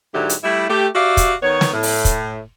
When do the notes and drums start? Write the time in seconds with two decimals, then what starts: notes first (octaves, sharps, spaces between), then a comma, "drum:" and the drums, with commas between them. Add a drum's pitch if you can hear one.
0.14 G#2 D3 F#3 E4 G4
0.29 drum: hi-hat
0.44 G3 A3 E4
0.70 A3 G4
0.95 F#4 G4 D5 E5 F5
1.17 drum: kick, hi-hat
1.43 D#3 B3 C#5
1.61 drum: snare
1.73 A2
1.83 drum: open hi-hat
2.05 drum: kick, hi-hat